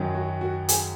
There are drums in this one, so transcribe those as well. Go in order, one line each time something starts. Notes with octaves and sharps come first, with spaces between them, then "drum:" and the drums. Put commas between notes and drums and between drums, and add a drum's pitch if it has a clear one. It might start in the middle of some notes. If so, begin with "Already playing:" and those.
Already playing: F#2 D#3 F#3 C#4
F#4
F#4
G#4, drum: hi-hat